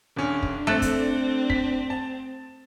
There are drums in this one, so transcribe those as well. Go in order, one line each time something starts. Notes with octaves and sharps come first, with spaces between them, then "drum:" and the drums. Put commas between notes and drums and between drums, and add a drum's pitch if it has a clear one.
D#1 C#4 D4
drum: kick
A3 C4 A4 F#6 A6
drum: kick, hi-hat
B6, drum: kick
A5